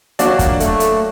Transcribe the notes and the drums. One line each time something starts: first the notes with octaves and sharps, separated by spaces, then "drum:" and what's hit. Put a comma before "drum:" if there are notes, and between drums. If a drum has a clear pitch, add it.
F#3 A#3 D4 F#4, drum: hi-hat
drum: kick, hi-hat
A3, drum: hi-hat
drum: hi-hat